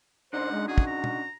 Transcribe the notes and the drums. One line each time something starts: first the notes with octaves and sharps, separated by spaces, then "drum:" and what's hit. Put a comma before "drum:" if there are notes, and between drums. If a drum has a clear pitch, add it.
C#3 D4 D#4 C5 F#5
G#3
F#4 G#4
drum: kick
A#5
drum: tom